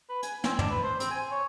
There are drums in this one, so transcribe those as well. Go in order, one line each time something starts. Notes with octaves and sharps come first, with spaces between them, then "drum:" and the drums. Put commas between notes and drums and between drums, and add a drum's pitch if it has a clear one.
B4
G#5, drum: hi-hat
C4, drum: snare
D4, drum: tom
B4
C5
C4, drum: hi-hat
G#5
C#5